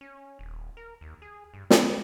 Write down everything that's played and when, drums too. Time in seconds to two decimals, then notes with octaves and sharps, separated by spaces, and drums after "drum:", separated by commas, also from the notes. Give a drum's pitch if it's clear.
0.01 C#4
0.39 D#1
0.77 A#4
1.01 D#2
1.22 G#4
1.54 G2
1.70 B3, drum: snare